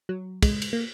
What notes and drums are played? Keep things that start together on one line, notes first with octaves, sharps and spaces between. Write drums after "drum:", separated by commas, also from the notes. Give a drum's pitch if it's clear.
F#3
G#3, drum: kick, cymbal
drum: cymbal
A#3